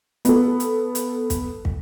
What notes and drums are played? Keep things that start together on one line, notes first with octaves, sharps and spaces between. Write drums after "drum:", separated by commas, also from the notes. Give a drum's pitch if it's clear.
B3 A4, drum: hi-hat
drum: hi-hat
drum: hi-hat
drum: kick, hi-hat
drum: kick